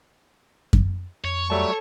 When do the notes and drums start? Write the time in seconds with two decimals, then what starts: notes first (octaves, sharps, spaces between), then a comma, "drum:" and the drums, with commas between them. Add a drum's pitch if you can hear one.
0.73 drum: kick F#2
1.24 F2 C#5
1.50 F#3 G3 A3 A4 A5